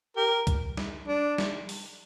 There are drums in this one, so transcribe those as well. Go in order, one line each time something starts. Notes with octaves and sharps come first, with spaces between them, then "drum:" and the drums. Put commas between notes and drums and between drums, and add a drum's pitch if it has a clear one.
G4 A#4
drum: kick C2, hi-hat
drum: snare
D4
drum: snare
drum: open hi-hat